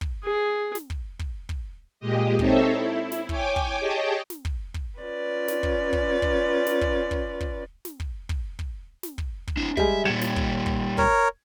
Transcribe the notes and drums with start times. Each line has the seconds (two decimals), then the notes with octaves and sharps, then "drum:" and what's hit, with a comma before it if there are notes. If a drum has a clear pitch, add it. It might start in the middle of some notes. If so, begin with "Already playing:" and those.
0.01 drum: kick
0.24 G#4
0.75 drum: snare
0.90 drum: kick
1.19 drum: kick
1.49 drum: kick
2.00 A#2 G#3 G4 D#5
2.39 C4 D#4 A4 C5 C#5 E5, drum: kick
2.74 E4
3.12 drum: snare
3.29 C#5 G5 G#5 D6, drum: kick
3.56 drum: kick
3.79 G4 G#4 C#5 D#5 G5 A5
4.30 drum: snare
4.45 drum: kick
4.74 drum: kick
4.99 C#4 F4 B4 D5
5.48 drum: snare
5.63 drum: kick
5.93 drum: kick
6.22 drum: kick
6.67 drum: snare
6.81 drum: kick
7.11 drum: kick
7.40 drum: kick
7.85 drum: snare
8.00 drum: kick
8.29 drum: kick
8.59 drum: kick
9.03 drum: snare
9.18 drum: kick
9.47 drum: kick
9.57 D4 E4
9.77 G3 G#3 G#4 E5, drum: kick
10.05 A#2 G3 G#6 C#7 E7
10.21 drum: snare
10.36 drum: kick
10.66 drum: kick
10.98 A#4 C#5, drum: kick